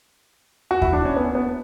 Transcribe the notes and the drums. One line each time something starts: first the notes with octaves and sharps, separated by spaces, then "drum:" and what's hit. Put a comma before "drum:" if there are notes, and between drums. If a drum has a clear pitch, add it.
F#4
E4, drum: kick D#2
D4
C#4
B3
B3